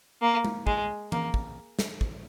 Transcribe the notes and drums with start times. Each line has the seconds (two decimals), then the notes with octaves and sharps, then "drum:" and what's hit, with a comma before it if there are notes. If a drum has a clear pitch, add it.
0.22 A#3
0.45 drum: tom
0.67 G#3, drum: kick
1.12 A#3, drum: tom E3
1.34 drum: kick
1.79 drum: snare
2.01 drum: kick